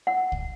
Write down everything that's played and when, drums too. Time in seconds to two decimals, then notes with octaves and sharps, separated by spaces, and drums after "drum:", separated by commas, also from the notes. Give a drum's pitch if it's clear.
0.07 F#5
0.32 drum: kick C2